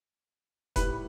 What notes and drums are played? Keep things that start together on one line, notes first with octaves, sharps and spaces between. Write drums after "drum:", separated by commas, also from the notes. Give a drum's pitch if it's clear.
A2 G3 B4, drum: kick F1, hi-hat